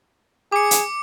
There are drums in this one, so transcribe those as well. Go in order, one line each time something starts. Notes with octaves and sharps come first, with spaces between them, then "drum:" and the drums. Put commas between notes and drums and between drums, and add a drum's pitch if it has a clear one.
G#4 D6 C#7
drum: hi-hat